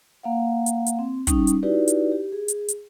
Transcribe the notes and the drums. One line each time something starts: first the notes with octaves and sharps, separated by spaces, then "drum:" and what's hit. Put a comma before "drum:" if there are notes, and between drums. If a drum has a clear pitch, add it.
A#3 F5 F#5
drum: hi-hat
drum: hi-hat
C4
G3 C#4 D#4 D#6, drum: kick, hi-hat
drum: hi-hat
D#4 E4 F#4 G4 B4 D5
drum: hi-hat
G4
G#4
drum: hi-hat
drum: hi-hat